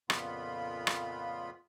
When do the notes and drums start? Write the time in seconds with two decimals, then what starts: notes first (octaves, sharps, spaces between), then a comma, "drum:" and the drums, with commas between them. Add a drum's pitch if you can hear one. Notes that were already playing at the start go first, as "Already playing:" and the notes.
0.10 F2 A#2 C#3 B3 F4 B5, drum: rim click
0.87 drum: rim click